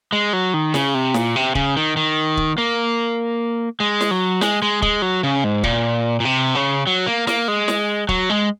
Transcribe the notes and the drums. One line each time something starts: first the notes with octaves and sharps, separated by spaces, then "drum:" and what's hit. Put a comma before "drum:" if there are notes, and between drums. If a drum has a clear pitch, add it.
G#3
F#3
D#3
C#3, drum: snare
C3
A#2, drum: snare
C3
C#3, drum: kick
D#3
D#3
drum: kick
A#3
G#3
drum: snare
F#3
G#3, drum: snare
G#3
G#3, drum: kick
F#3
C#3
G#2
A#2, drum: kick
A#2
C3
C#3
F#3
A#3
A#3, drum: snare
G#3
drum: snare
F#3, drum: kick
G#3